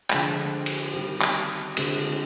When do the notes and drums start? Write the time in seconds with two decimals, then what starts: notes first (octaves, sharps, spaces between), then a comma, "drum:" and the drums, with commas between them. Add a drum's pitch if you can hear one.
0.10 D3 F3 G#3, drum: clap
0.66 drum: cymbal
0.93 D#3 G3 C4 G4
1.21 drum: clap
1.77 D3 G#3 C4, drum: cymbal